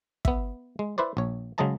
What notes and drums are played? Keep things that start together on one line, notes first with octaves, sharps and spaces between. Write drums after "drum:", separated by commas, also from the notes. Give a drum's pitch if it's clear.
B3 E5, drum: kick
G#3
E4 B4 C5 D5
A#1 C#5
C#3 F#3 G#3 D#5 A5 A#5